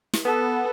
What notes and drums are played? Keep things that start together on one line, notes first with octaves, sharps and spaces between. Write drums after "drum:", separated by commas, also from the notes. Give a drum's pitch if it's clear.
drum: snare
B3 A4